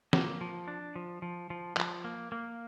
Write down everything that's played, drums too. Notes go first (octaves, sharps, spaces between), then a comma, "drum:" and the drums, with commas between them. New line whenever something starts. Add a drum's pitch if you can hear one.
A#3, drum: snare
F3
D4
F3
F3
F3
F3, drum: clap
A#3
A#3